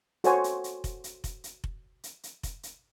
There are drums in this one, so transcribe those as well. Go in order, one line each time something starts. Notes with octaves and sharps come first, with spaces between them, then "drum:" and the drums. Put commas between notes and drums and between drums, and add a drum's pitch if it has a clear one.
F#4 A4 C5 C#5 F#5 G#5, drum: hi-hat
drum: hi-hat
drum: hi-hat
drum: kick F1, hi-hat
drum: hi-hat
drum: kick F1, hi-hat
drum: hi-hat
drum: kick F1
drum: hi-hat
drum: hi-hat
drum: kick F1, hi-hat
drum: hi-hat